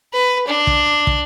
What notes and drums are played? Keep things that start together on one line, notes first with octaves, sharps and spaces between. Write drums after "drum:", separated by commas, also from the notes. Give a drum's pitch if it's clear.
B4
D4
drum: kick
drum: kick